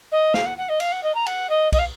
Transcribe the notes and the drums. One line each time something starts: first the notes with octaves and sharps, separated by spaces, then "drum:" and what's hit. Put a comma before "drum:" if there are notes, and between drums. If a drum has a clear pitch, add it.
D#5
F5, drum: snare
F#5
F#5
D#5
F5, drum: cymbal
F#5
D#5
A#5
F#5, drum: cymbal
D#5
D#5, drum: kick B1, cymbal
F5